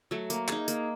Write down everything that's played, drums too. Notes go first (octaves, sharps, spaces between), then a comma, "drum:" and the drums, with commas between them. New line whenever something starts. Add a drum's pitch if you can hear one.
F#3 A3
A#3, drum: tambourine
D#4 G#4, drum: clap
A#3, drum: tambourine